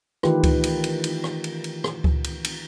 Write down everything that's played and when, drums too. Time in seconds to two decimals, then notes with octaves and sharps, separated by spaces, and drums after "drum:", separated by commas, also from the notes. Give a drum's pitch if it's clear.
0.23 D#3 E3 A3 F4 G4 B4, drum: rim click
0.43 drum: kick C#2, cymbal
0.64 drum: cymbal
0.84 drum: cymbal
1.04 drum: cymbal
1.24 drum: rim click
1.44 drum: cymbal
1.64 drum: cymbal
1.84 drum: rim click
2.04 drum: kick C#2
2.24 drum: cymbal
2.44 drum: cymbal